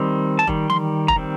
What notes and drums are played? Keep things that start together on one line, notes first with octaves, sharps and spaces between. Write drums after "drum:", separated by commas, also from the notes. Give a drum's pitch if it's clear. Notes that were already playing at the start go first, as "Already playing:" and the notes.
Already playing: D#3 G3 C4
A5
D#3 G3, drum: kick F1
C6, drum: tom E3
A#5, drum: kick F1
D#3 G3 C4